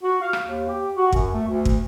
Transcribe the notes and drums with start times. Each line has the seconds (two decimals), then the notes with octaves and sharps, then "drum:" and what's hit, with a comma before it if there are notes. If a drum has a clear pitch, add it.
0.02 F#4
0.21 F5
0.33 drum: rim click
0.45 D#2
0.68 G4
0.96 F#4
1.13 F#2, drum: kick
1.33 A3
1.47 D2
1.65 drum: kick